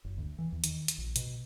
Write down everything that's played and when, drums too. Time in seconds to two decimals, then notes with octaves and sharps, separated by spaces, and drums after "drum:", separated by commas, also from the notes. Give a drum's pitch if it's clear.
0.05 F#1
0.18 D2
0.39 E3
0.52 E2
0.64 D#3, drum: hi-hat
0.88 drum: hi-hat
0.98 A#1
1.16 B2, drum: hi-hat